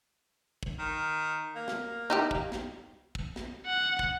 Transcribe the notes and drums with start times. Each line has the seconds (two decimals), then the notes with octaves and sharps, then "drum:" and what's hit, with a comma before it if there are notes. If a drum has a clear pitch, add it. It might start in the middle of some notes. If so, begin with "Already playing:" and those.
0.63 drum: kick
0.79 D#3
1.55 A#3
1.68 drum: snare
2.10 D#4 E4 G4
2.31 drum: kick
2.52 drum: snare
3.15 drum: kick
3.36 drum: snare
3.66 F#5
3.99 drum: kick